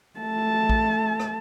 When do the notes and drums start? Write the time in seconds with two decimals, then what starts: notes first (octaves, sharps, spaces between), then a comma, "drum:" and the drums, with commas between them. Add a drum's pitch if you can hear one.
0.19 A3 A5
0.69 drum: kick A#1
1.20 drum: rim click